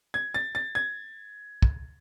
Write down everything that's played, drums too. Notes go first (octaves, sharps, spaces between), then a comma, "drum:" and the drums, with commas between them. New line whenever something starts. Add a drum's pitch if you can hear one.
G#6
A6
A6
G#6
drum: kick